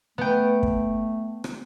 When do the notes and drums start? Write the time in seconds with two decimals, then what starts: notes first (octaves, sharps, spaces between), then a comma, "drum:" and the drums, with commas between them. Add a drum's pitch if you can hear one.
0.18 A3 B3 G5
0.63 drum: kick
1.44 drum: rim click